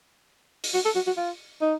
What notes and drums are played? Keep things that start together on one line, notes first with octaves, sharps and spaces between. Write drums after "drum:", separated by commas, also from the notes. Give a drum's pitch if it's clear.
drum: open hi-hat
F#4
A4
F#4
F#4
F4
D#4